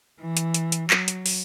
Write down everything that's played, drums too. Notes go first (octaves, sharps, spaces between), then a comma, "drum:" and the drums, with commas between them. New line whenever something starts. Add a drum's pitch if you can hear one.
E3
drum: hi-hat
drum: hi-hat
drum: hi-hat
F#3, drum: clap
drum: hi-hat
drum: open hi-hat